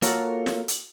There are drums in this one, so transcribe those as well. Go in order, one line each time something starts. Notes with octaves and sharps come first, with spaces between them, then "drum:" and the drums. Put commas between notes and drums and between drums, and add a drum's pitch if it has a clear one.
A#3 F4 F#4 A4 A#4 C#5, drum: hi-hat
drum: snare
drum: hi-hat